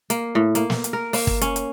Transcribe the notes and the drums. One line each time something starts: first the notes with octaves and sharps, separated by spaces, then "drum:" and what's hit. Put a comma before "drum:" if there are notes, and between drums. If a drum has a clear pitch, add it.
A#3, drum: hi-hat
A2
A#3, drum: hi-hat
drum: snare
drum: hi-hat
A#4
A#3, drum: open hi-hat
drum: kick
C#4, drum: hi-hat
drum: hi-hat